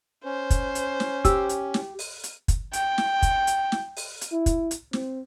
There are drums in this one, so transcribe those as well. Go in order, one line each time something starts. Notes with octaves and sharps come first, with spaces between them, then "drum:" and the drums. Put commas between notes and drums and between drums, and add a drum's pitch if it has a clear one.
C#4 C5
drum: kick, hi-hat
drum: hi-hat
drum: snare
G4 E6, drum: kick, hi-hat
drum: hi-hat
drum: snare
drum: open hi-hat
drum: hi-hat
drum: kick, hi-hat
G5, drum: hi-hat
drum: snare
drum: kick, hi-hat
drum: hi-hat
drum: snare
drum: open hi-hat
drum: hi-hat
E4
drum: kick, hi-hat
drum: hi-hat
C4, drum: snare